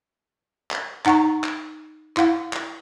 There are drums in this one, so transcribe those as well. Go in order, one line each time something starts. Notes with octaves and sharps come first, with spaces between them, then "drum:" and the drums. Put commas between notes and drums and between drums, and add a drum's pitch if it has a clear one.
drum: clap
D#4 F#5 A#5 C#6, drum: clap
drum: clap
E4 F5 F#5, drum: clap
drum: clap